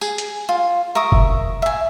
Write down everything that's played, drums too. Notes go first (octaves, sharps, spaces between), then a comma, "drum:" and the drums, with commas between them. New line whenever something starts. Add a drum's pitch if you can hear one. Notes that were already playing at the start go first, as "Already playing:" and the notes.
G#4, drum: tambourine
drum: hi-hat
F4
A#4 E5 C#6 D#6
drum: kick F#1
E5 G#5